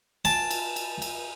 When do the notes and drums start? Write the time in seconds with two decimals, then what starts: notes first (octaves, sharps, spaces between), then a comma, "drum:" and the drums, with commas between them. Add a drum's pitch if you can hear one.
0.25 G#5 A5, drum: cymbal
0.51 drum: cymbal
0.76 drum: cymbal
1.02 drum: cymbal